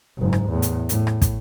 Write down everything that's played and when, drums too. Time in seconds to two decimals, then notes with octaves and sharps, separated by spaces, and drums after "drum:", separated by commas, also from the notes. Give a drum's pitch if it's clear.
0.18 F#1 G#2
0.33 drum: rim click
0.50 E2 A2
0.62 drum: hi-hat
0.89 A2, drum: hi-hat
1.07 drum: rim click
1.22 drum: kick, hi-hat